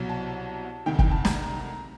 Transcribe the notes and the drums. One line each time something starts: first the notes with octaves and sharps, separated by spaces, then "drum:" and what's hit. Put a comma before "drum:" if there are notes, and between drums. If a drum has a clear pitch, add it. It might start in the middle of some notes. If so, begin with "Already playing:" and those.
Already playing: C2 B2 F#3
A5
D2 C3 D#3 G5
G5, drum: kick
A5
A#5, drum: snare